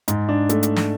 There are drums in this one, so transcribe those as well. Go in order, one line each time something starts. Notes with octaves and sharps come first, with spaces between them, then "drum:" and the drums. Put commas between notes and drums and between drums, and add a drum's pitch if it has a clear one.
G#2, drum: hi-hat
D4
A3, drum: hi-hat
drum: hi-hat
drum: snare